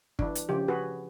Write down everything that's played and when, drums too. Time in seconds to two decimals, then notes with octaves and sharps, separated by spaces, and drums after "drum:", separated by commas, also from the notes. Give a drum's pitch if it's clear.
0.19 E3 D4, drum: kick G1
0.35 drum: hi-hat
0.49 C#3 F3 G4
0.68 F#4 G#4 B4